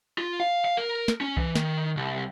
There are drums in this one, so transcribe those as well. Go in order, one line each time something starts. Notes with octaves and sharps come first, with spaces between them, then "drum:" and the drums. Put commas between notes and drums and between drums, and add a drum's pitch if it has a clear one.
F4
F5
F5
A#4
drum: snare
C#4
E3, drum: kick C2
D#3, drum: snare
C2